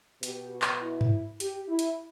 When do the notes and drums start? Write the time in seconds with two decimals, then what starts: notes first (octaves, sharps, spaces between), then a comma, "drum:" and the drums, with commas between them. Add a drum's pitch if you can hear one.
0.23 B2 G4, drum: hi-hat
0.51 F#4
0.62 drum: clap
0.81 E4
1.01 drum: tom G2
1.40 G4, drum: hi-hat
1.69 E4
1.79 drum: hi-hat